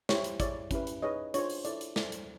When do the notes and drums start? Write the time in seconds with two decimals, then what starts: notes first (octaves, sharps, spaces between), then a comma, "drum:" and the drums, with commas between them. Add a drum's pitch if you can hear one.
0.09 E4 G4 C5 C#5, drum: snare
0.24 drum: hi-hat
0.40 E4 G#4 C#5 D5, drum: kick, hi-hat
0.71 C#4 E4 G4 B4, drum: kick, hi-hat
0.87 drum: hi-hat
1.02 D#4 G#4 B4 C#5 D#5
1.34 D4 F4 G#4 C5 C#5, drum: hi-hat
1.50 drum: open hi-hat
1.65 E4 A4 C#5 D5, drum: hi-hat
1.81 drum: hi-hat
1.96 E4 A4 C5 D5, drum: snare
2.12 drum: hi-hat